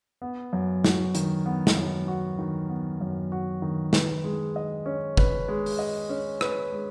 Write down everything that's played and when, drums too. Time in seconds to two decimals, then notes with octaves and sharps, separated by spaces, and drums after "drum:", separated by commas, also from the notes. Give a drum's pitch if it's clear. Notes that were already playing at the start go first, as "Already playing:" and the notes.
0.22 B3
0.53 F#2
0.84 F#4, drum: snare
1.15 D#3, drum: hi-hat
1.46 B3
1.67 drum: snare
1.77 F#2
2.08 F#4
2.39 D#3
2.69 B3
3.01 F#2
3.32 F#4
3.62 D#3
3.93 B4, drum: snare
4.24 G#3
4.56 D#5
4.86 C#4
5.17 B4, drum: kick
5.48 G#3
5.66 drum: open hi-hat
5.79 D#5
6.09 C#4
6.41 B4, drum: rim click
6.72 G#3